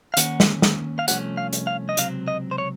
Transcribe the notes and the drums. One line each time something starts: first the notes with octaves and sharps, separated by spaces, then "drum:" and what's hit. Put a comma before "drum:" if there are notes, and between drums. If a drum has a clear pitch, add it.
F5
D#2 D#3 A#3 C#4 F#5, drum: hi-hat
drum: snare
drum: snare
F5
C2 C3 F3 A3 C#4 F#5, drum: hi-hat
F5
drum: hi-hat
F5
D#5
C#2 C3 F#3 C4 F5, drum: hi-hat
D#5
C5
C#5